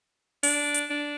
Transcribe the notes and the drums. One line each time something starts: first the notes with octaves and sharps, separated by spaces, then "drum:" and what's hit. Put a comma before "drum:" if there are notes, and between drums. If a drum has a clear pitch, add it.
D4, drum: open hi-hat
drum: hi-hat
D4